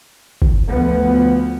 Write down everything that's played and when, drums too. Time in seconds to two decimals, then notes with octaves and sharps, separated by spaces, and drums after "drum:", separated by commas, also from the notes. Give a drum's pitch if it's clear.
0.42 drum: kick
0.68 D2 F3 B3